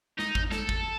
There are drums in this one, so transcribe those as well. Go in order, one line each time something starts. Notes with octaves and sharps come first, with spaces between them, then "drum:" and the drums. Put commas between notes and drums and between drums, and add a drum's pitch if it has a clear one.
D#4, drum: snare
drum: kick
A4, drum: snare
drum: kick